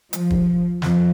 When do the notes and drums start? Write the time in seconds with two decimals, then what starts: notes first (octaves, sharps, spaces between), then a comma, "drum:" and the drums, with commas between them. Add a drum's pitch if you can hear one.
0.13 F3, drum: hi-hat
0.31 drum: kick
0.82 F2, drum: snare